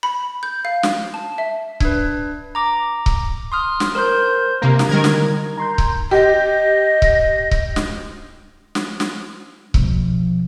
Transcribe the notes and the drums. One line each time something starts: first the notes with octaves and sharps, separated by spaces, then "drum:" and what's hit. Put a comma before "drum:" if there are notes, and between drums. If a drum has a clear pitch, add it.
B5
G6
F5
drum: snare
A5
E5
D4 B4, drum: kick C#1
A#5 D6
drum: kick C#1
C6 D#6 F6
drum: snare
A#4 C5 C6 G6
C3 A#3 A#5
drum: snare
D3 D#3 G3 A#4 G#6
drum: snare
A#5 C6 G6
drum: kick C#1
G4 D#5
drum: kick C#1
drum: kick C#1
drum: snare
drum: snare
drum: snare
B2 F3, drum: kick C#1